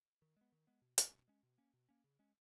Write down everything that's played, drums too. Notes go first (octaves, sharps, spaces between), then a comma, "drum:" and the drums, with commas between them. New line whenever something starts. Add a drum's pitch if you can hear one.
D#3
G#3 B3
D#3
G#3 B3
B2
G#3 C#4, drum: hi-hat
B2
G#3 C#4
B2
A#3 C#4
B2
A#3 C#4
C#3
G#3 C#4